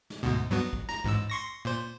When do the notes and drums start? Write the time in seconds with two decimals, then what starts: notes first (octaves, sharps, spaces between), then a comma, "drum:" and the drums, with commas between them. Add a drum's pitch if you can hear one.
0.10 drum: snare
0.23 D2 G#2 B2
0.51 G2 F#3 B3
0.73 drum: kick
0.89 A#5, drum: snare
1.04 A1 G#2 E6, drum: kick
1.30 C6 C#6 A#6
1.65 A#2 C5